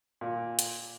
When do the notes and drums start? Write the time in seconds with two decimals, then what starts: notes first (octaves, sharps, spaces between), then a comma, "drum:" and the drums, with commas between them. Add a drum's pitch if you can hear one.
0.21 A#2
0.59 drum: hi-hat